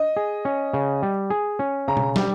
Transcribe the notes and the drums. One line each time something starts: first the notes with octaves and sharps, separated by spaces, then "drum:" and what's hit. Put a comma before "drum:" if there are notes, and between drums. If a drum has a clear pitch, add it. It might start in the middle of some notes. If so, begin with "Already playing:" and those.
Already playing: D#5
G#4
C#4
C#3
G3
G#4
C#4
C#3 A#5
drum: tom B2
G3 G5, drum: snare